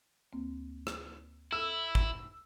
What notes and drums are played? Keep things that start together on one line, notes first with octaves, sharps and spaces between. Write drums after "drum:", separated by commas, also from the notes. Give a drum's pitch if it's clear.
D2 A#3 C4
drum: rim click
E4 A4 E6
drum: kick G#1